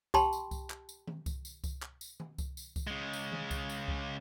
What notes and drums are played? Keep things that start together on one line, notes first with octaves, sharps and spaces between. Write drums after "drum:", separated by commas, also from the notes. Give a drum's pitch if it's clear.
G4 G5 A5 B5 C6, drum: kick C2, tambourine
drum: tambourine
drum: kick C2, tambourine
drum: clap
drum: tambourine
drum: tom D#3
drum: kick C2, tambourine
drum: tambourine
drum: kick C2, tambourine
drum: clap
drum: tambourine
drum: tom D#3
drum: kick C2, tambourine
drum: tambourine
drum: kick C2, tambourine
C#3 G#3
drum: tambourine
drum: tom D#3
drum: kick C2, tambourine
drum: tambourine
drum: kick C2